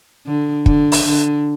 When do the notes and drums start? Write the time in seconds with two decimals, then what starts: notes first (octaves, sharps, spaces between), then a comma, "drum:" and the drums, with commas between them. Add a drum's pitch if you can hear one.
0.26 D3
0.66 D3, drum: kick
0.92 drum: open hi-hat
1.04 D3